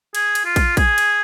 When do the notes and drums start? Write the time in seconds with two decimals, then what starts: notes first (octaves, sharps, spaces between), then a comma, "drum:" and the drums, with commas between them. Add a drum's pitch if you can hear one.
0.15 G#4, drum: cymbal
0.35 drum: cymbal
0.45 F4
0.56 drum: kick, cymbal
0.77 G#4, drum: kick, cymbal
0.98 drum: cymbal